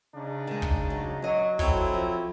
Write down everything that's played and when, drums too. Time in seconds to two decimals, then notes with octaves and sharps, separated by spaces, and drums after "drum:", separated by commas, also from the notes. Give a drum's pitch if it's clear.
0.15 C#3 D4 D#4
0.47 D#3 G#3
0.62 drum: kick
0.90 F#3
1.22 F#3 C#5 D#5
1.59 F#3 C4 E4 A4, drum: kick
1.93 F3